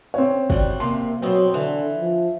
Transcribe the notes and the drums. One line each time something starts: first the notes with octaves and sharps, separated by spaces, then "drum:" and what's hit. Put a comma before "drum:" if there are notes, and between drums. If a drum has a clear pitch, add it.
C4 C#5
G3 G#3 F#4, drum: kick
C3 A#3 C6
B2 F#3 B3 C4
D3 E3
F3